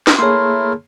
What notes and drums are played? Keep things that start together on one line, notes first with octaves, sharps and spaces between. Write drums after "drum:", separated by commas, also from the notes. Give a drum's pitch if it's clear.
drum: snare
A3 A#3 E4 G#4 A#4 C#5 C6